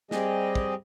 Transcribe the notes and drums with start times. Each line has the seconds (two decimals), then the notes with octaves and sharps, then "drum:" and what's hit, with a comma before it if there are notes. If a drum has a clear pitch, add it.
0.11 G3 C4 G4 G#4 D#5, drum: snare
0.55 drum: kick